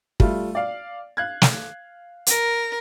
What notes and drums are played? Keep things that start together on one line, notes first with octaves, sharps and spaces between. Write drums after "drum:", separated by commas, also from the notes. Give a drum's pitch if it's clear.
G3 A3 F4, drum: kick
D5 F5
F5 F#6 G#6
drum: snare
A#4, drum: hi-hat